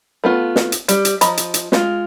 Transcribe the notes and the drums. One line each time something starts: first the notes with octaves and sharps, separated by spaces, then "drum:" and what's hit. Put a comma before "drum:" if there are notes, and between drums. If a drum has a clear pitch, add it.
A3 B3 F4
drum: snare
drum: hi-hat
G3, drum: hi-hat
drum: hi-hat
F3 D#5 A#5 B5, drum: hi-hat
drum: hi-hat
drum: hi-hat
G#3 F4, drum: snare